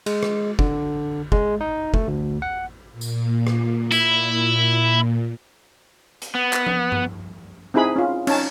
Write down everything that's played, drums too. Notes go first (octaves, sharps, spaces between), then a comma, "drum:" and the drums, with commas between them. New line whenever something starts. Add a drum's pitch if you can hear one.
G#3, drum: cymbal
drum: rim click
D3, drum: kick
G#3, drum: kick
D#4
A3, drum: kick
D2
F#5
A#2
drum: tambourine
drum: rim click
E4, drum: tambourine
drum: hi-hat
B3
drum: clap
drum: tom F3
drum: tom G2
C4 D#4 E4 G#4 B5
C#4 F4
C#4 D#4 A5, drum: cymbal